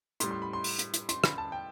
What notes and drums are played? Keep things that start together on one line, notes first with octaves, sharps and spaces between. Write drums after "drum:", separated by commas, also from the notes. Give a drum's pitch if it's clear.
A2 G3 C6, drum: hi-hat
C6
B5
C6
drum: open hi-hat
drum: hi-hat
drum: hi-hat
C6, drum: hi-hat
B5, drum: rim click
A5
G5